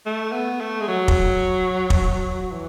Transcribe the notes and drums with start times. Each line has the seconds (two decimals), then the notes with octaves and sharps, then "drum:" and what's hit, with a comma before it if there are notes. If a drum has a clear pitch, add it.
0.06 A3
0.32 B3
0.61 A3
0.81 G#3
0.88 F#3
1.08 drum: kick
1.90 drum: kick
2.42 F#3
2.51 E3